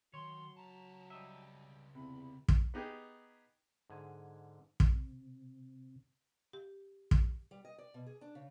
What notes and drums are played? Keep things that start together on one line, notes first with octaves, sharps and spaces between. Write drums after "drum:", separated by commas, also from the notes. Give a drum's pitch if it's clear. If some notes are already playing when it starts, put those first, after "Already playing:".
D#3 F#3 C#5 C6
C#2 A5 A#5
G3 D#5 E5
E2 C3 B5
drum: kick
B3 D#4 G4 G#4
G#2 D3 G#5
drum: kick
C3
G4
drum: kick
G3
D#5
D5
B2
G#4
D4
C#3